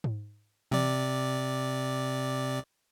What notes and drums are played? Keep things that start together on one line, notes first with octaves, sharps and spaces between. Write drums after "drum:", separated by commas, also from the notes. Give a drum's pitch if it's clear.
drum: tom G#2
C3 D5, drum: tom E3